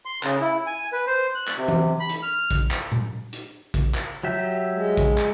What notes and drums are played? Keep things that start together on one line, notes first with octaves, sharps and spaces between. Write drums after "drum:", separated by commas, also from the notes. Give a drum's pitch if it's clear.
C6
C#3, drum: clap
E4
G#5
B4
C5
F#6
drum: clap
C3
drum: tom E3
B5
drum: hi-hat
F6
drum: kick, hi-hat
drum: clap
drum: tom A#2
drum: hi-hat
drum: kick, hi-hat
drum: clap
F#3 G4 E5
G#3
drum: kick, hi-hat
drum: clap